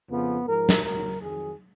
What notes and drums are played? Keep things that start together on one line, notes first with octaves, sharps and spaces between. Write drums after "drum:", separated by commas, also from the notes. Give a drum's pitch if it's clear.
F2 C#3 F3 B3
G#2 F3 A#4
drum: snare
D#2 C#3 F#3 A#4
F2 D#3 F#3 G#4